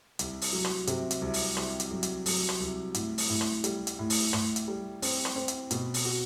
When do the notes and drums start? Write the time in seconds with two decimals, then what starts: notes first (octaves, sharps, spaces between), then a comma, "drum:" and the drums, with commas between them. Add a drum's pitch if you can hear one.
0.19 C2, drum: hi-hat
0.42 drum: open hi-hat
0.53 F#3
0.65 drum: rim click
0.87 C3, drum: hi-hat
1.11 drum: hi-hat
1.21 C2
1.34 drum: open hi-hat
1.57 C2, drum: rim click
1.80 drum: hi-hat
1.91 F#3
2.03 drum: hi-hat
2.26 F#3, drum: open hi-hat
2.49 drum: rim click
2.60 C2
2.94 A2, drum: hi-hat
3.18 drum: open hi-hat
3.30 A2
3.41 drum: rim click
3.64 G3, drum: hi-hat
3.87 drum: hi-hat
3.99 A2
4.10 drum: open hi-hat
4.33 A2, drum: rim click
4.56 drum: hi-hat
4.68 G3
5.02 C4, drum: open hi-hat
5.25 drum: rim click
5.36 C4
5.48 drum: hi-hat
5.71 B2, drum: hi-hat
5.94 drum: open hi-hat
6.05 F#4